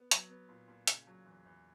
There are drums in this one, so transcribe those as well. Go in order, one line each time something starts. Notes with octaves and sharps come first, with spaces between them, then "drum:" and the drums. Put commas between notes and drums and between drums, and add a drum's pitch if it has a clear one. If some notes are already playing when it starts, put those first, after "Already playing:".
Already playing: B3
F#3, drum: hi-hat
B3
A#2
A#2
C#3, drum: hi-hat
F#3
E2
E2